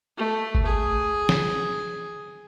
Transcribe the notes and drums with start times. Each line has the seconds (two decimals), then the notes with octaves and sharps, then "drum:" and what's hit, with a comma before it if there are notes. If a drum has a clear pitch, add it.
0.18 A3
0.55 drum: kick G1
0.66 G#4
1.29 drum: snare